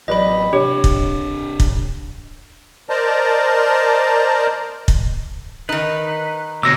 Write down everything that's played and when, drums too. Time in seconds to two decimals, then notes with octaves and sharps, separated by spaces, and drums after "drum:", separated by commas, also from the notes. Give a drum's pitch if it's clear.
0.08 A1 F#3 G4 B4 D5 D#5 B5
0.53 C3 D4 G4 C#5
0.84 drum: kick
1.60 drum: kick
2.89 A#4 C5 D5 D#5 A5 A#5
4.88 drum: kick
5.69 D#3 D#4 B4
6.63 D2 B2 C#5 D6 E6 A#6